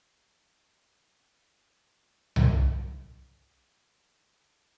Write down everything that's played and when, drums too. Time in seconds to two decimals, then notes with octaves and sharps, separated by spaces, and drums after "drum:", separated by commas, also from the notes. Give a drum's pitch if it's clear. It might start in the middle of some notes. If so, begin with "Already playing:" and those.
0.21 F#4 G#4 B4
0.43 G3 G4 D5
0.76 C4
1.16 F#3 C#4 G5
1.48 C4
2.36 drum: tom C2
3.16 G#5
3.40 D#2
3.69 C#3
4.01 C5
4.28 D7
4.46 E5